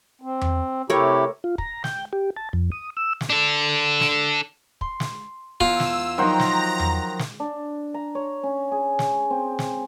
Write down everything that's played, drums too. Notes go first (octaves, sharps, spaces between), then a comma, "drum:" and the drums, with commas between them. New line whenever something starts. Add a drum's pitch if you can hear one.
C4
drum: tom E2
C3 A3 E4 G4 A#4 C#5
F4
A#5, drum: kick
G5, drum: snare
G4
A5
F2
D#6
E6
drum: snare
D4 A4
drum: snare
C6, drum: kick
drum: snare
E2 F4 E6, drum: kick
drum: snare
D#3 F3 F#3 D#4 C5 F#5 A#5 A#6
drum: snare
drum: tom E2
drum: snare
D4
A#5
C#5
C#4
G#4
drum: snare
C4
drum: snare